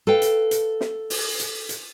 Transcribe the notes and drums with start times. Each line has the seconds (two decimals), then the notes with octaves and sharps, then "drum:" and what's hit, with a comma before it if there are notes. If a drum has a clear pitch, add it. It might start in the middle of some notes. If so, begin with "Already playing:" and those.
0.07 A4 B4 F5 G5
0.22 drum: hi-hat
0.51 drum: hi-hat
0.81 drum: snare
1.10 drum: open hi-hat
1.40 drum: hi-hat
1.69 drum: hi-hat